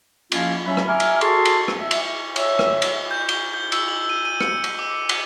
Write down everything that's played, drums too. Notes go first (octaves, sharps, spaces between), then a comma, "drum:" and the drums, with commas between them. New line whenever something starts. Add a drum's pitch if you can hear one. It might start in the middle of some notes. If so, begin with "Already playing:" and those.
F3 A#3 C#4 E4 F4, drum: cymbal
F#3 C#4 E5 B5
drum: rim click
E5 G#5 A#5 D6 F6
drum: cymbal
F#4 G#4 A4 A5 C6 C#6, drum: cymbal
drum: cymbal
drum: rim click
E5
drum: cymbal
C#5 E5, drum: cymbal
drum: rim click
drum: cymbal
G6
G7, drum: cymbal
G6
E6, drum: cymbal
F#7
D#7
D#7
C#7, drum: rim click
drum: cymbal
D6
drum: cymbal